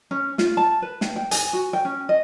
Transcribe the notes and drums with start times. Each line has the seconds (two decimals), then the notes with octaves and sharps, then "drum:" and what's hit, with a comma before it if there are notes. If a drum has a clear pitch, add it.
0.11 C#4
0.38 F4, drum: snare
0.57 A5
0.82 B4
1.01 G5, drum: snare
1.16 G5
1.31 G#5, drum: hi-hat
1.53 F#4
1.73 G5
1.85 C#4
2.09 D#5